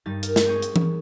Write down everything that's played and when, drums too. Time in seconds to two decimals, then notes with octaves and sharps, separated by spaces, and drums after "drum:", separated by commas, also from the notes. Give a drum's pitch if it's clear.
0.06 G2 G3 D#4 A6
0.23 A#4, drum: hi-hat
0.36 drum: snare
0.46 C4 D#4 G#4 C#5
0.62 drum: hi-hat
0.76 drum: tom E3